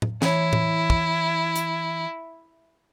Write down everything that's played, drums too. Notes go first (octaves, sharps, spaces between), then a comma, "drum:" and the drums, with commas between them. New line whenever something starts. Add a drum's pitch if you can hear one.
drum: tom A2
E3 E4 C#5, drum: snare
drum: tom A2
drum: kick
drum: hi-hat